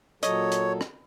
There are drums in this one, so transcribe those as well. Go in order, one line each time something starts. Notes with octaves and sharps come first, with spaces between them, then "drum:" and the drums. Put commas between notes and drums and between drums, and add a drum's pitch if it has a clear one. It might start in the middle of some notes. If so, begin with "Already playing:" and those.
A#2 F#3 A4 C#5 D#5, drum: hi-hat
drum: hi-hat
drum: rim click